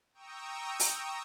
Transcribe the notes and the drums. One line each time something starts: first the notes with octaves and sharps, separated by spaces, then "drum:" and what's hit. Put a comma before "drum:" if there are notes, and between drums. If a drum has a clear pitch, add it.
G5 A#5 C#6 D#6 E6
drum: open hi-hat